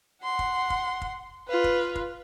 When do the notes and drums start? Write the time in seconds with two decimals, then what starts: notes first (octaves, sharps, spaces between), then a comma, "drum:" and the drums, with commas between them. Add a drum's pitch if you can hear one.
0.23 F#5 C6
0.39 drum: kick
0.70 drum: kick
1.02 drum: kick
1.48 F4 B4
1.64 drum: kick
1.95 drum: kick